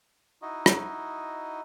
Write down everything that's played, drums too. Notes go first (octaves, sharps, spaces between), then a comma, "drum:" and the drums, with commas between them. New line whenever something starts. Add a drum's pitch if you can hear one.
D#4 E4 F#4 D#5
drum: rim click